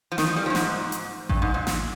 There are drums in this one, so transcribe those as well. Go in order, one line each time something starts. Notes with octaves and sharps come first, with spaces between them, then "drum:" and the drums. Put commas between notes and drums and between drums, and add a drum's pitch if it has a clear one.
F3
D#3, drum: snare
F3
G3
F3
G2
G#2, drum: snare
drum: hi-hat
G2, drum: kick A1
G#2
A#2
drum: snare